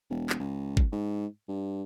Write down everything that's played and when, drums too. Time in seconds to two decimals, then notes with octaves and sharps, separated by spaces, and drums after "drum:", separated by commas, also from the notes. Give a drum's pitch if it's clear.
0.10 E1
0.30 drum: clap
0.40 C#2
0.77 drum: kick
0.92 G#2
1.48 G2